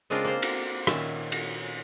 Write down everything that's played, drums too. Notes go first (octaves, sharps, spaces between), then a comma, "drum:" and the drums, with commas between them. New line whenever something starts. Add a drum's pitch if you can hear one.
C#3 G#3 C4 D4 F4 A#4
A#3 C5
drum: cymbal
A#2 D#3 C#4 E5, drum: rim click
drum: cymbal